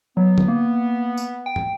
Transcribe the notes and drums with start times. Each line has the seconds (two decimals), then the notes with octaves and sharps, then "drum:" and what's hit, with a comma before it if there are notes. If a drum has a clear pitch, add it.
0.17 F#3 B3
0.38 drum: tom D3
0.48 A#3
1.18 drum: tambourine
1.46 G5
1.56 drum: tom